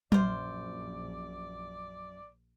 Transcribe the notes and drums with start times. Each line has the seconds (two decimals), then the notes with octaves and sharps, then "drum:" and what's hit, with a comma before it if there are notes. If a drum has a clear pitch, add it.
0.12 A#1 F#2 F4 C5 D5, drum: tom F#3